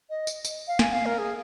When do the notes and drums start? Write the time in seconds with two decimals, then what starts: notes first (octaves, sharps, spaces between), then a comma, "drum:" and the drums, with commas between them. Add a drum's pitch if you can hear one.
0.10 D#5
0.27 drum: tambourine
0.45 drum: tambourine
0.68 F5
0.79 G#5, drum: snare
0.92 F5
1.06 A#4
1.18 G#4